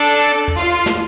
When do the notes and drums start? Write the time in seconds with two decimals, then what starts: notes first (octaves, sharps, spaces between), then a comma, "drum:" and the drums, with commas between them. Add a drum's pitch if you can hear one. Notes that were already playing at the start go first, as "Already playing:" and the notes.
Already playing: D4 A4
0.15 drum: cymbal
0.48 drum: tom E2
0.59 F4
0.86 drum: snare